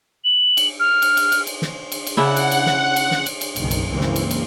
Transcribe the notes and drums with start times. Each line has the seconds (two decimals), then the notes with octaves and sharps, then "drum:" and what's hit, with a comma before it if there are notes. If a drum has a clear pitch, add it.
0.24 F#7
0.57 drum: cymbal
0.80 F6
1.02 drum: cymbal
1.17 drum: cymbal
1.32 drum: cymbal
1.47 drum: cymbal
1.62 drum: snare
1.92 drum: cymbal
2.07 drum: cymbal
2.17 C#3 D4 E4 F#5
2.36 drum: cymbal
2.51 drum: cymbal
2.66 drum: snare
2.96 drum: cymbal
3.11 drum: snare
3.26 drum: cymbal
3.41 drum: cymbal
3.56 F#1 B1 D#3, drum: cymbal
3.71 drum: cymbal
3.90 C#2 G2 C#3 E3 A#3 C4
4.01 drum: snare
4.16 drum: cymbal
4.31 drum: cymbal